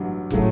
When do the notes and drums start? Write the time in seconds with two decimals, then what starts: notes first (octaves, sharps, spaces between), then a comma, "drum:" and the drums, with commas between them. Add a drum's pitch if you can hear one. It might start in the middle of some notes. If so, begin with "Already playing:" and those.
Already playing: A1 G2 F#3
0.30 A2 C#3 F#3 A3, drum: kick